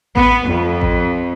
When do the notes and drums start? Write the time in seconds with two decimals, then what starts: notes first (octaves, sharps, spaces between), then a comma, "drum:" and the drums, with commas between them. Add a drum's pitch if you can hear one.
0.16 B3, drum: kick A1
0.50 F2
0.81 drum: kick A1